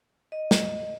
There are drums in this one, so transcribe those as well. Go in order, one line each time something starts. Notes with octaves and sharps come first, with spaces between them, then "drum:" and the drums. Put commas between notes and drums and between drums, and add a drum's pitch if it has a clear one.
D#5
drum: snare